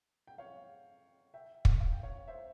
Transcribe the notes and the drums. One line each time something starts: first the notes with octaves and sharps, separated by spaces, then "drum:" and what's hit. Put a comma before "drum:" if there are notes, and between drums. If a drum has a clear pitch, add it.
G5
C#5 F5
E5 G5
drum: kick
F5
G5
C#5 F5
C5 E5